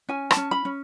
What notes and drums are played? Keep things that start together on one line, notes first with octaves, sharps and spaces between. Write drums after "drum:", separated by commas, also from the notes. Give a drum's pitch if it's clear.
C#4 G#5
A5, drum: rim click
C#4
B5
C#4